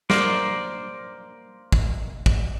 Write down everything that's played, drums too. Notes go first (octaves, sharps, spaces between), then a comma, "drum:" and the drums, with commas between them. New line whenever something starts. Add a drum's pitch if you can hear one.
A#3 A#4 C5 D5, drum: snare
drum: kick
drum: kick